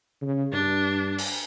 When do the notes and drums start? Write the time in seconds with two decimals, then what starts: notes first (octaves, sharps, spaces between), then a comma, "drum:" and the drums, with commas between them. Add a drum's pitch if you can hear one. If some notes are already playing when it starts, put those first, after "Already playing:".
0.22 C#3
0.52 G2 D4
1.18 drum: open hi-hat